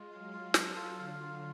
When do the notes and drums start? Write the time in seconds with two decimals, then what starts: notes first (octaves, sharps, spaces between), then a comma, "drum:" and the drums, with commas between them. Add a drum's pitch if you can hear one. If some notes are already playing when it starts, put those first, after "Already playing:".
Already playing: G#3 F4
0.11 F#3 F5
0.33 F4
0.54 A4, drum: snare
0.76 F4
0.98 D3 F5
1.20 F4